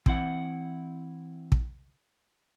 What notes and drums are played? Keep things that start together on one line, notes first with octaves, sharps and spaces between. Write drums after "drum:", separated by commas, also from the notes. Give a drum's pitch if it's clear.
E3 C4 E4 F#5, drum: kick
drum: kick